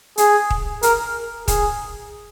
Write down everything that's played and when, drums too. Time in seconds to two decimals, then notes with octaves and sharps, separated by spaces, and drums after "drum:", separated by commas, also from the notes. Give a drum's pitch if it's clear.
0.18 G#4, drum: hi-hat
0.50 drum: kick
0.83 A#4, drum: hi-hat
1.48 G#4, drum: kick, hi-hat